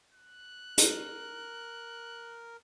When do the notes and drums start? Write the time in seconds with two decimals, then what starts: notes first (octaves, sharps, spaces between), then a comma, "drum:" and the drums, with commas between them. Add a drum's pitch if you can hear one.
0.13 F#6
0.78 A#4, drum: hi-hat